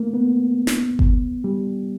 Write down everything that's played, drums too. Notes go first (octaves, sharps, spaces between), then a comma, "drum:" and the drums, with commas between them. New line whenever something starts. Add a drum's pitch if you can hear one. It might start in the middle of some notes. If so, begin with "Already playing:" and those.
Already playing: A3 A#3
B3
drum: snare
drum: kick G1
G3